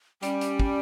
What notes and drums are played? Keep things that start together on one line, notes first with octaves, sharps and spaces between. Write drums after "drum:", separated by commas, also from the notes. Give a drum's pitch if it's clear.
G3 C#4, drum: hi-hat
drum: hi-hat
drum: kick